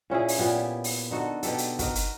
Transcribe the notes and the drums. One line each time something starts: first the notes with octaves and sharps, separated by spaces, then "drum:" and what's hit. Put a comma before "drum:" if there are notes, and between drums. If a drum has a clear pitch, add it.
A#2 C#4 E4 G#4
drum: open hi-hat
A#2 B3 G4 G#4
drum: open hi-hat
D3 D#4 F#4 A4
B2 G4 A4, drum: hi-hat
drum: hi-hat
F#4 A#4 D#5, drum: kick, hi-hat
drum: hi-hat